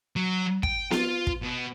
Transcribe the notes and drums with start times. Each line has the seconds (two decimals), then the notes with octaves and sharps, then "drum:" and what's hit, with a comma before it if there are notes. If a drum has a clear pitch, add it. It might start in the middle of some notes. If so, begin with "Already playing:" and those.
0.16 F#3
0.63 G5, drum: kick
0.91 F4, drum: snare B3
1.27 drum: kick
1.43 B2